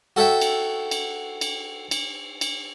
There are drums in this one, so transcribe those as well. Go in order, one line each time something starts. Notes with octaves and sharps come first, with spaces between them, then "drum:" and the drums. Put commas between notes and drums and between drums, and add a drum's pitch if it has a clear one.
F#4 A4 C#5 E5 G5
drum: cymbal
drum: cymbal
drum: cymbal
drum: cymbal
drum: cymbal